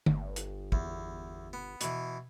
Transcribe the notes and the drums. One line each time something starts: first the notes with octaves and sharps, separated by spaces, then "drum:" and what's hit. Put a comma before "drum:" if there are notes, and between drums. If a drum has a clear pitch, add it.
G1, drum: tom
drum: hi-hat
E2, drum: kick
B3
B2 E3, drum: hi-hat